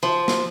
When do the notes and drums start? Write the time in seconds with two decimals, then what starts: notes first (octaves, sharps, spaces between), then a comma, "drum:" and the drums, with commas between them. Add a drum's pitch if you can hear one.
0.03 F3
0.28 drum: snare